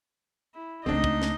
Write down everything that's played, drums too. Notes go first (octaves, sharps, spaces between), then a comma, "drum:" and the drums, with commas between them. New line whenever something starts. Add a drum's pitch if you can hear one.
E4
C#2 A3 C4 D4 D#4 D#5
drum: kick
drum: snare